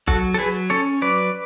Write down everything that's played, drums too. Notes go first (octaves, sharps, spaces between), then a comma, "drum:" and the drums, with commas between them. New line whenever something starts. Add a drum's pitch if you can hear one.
F#3 F#4 A4, drum: kick F#1
A4
F#3 G#4 B4
C#4 A4 C#5
F#3 B4 D5